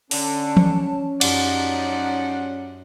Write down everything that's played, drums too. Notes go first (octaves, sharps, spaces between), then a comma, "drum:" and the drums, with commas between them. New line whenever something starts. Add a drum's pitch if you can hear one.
D3 C#4 A5, drum: open hi-hat
drum: tom E3
F#2 F3 D#4 G4 D5 F#5, drum: cymbal